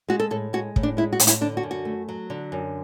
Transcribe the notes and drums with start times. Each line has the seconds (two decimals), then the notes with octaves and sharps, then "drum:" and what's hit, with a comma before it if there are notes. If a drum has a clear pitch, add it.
0.08 G#3 F#4
0.20 A4
0.31 A2 A4
0.53 G#3 F#4
0.76 A2, drum: kick
0.83 D4
0.97 G#3 E4
1.13 F#4
1.19 A2, drum: hi-hat
1.27 E4, drum: hi-hat
1.41 D3 D4
1.57 F#4
1.63 F#2
1.71 F#4
1.85 A3
2.09 F#3
2.30 D3
2.52 F#2